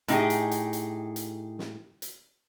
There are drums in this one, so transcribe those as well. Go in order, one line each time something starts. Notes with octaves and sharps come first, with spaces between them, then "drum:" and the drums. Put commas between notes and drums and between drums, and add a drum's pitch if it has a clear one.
A2 D#4 G4 G#4, drum: hi-hat
drum: hi-hat
drum: hi-hat
drum: hi-hat
drum: hi-hat
drum: snare
drum: hi-hat